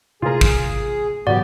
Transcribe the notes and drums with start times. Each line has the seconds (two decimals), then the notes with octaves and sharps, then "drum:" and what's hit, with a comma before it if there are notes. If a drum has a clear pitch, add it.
0.22 C3 A3 F4 G#4 A#4
0.41 drum: kick
1.27 G#2 C#3 E3 F#3 B3 F#4 G4 D5